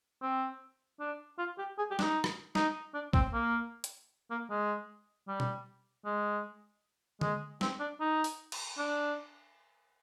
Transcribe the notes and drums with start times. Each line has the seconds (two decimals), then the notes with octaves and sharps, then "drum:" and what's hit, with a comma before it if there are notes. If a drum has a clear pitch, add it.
0.22 C4
1.00 D4
1.38 F4
1.58 G4
1.78 G#4
1.91 G4
1.99 D4, drum: snare
2.03 D#4
2.24 drum: rim click
2.55 D#4, drum: snare
2.94 D4
3.13 C4, drum: kick
3.33 A#3
3.84 drum: hi-hat
4.31 A#3
4.50 G#3
5.28 G3
5.40 drum: tom B2
6.05 G#3
7.21 G#3, drum: tom D3
7.61 C4, drum: snare
7.80 D4
8.00 D#4
8.24 drum: open hi-hat
8.52 drum: cymbal
8.78 D4